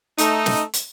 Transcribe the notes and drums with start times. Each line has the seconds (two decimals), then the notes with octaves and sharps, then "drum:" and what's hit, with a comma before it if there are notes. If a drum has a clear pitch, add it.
0.18 A3 D#4, drum: hi-hat
0.46 drum: snare
0.74 drum: hi-hat